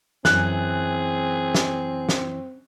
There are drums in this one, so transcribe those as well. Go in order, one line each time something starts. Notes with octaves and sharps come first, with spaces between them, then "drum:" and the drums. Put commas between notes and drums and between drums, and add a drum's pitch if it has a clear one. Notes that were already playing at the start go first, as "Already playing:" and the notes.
F#2 E3 C4 G#4 F#6, drum: snare
drum: snare
drum: snare